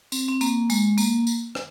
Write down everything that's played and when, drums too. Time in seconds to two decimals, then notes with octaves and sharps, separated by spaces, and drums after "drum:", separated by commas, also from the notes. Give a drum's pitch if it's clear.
0.12 C4, drum: tambourine
0.29 C4
0.41 A#3, drum: tambourine
0.70 G#3, drum: tambourine
0.98 A#3, drum: tambourine
1.27 drum: tambourine
1.55 drum: rim click